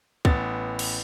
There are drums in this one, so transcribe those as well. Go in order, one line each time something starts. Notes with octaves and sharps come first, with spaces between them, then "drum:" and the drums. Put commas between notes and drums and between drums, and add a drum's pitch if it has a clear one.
A1 B3 A6, drum: kick
drum: cymbal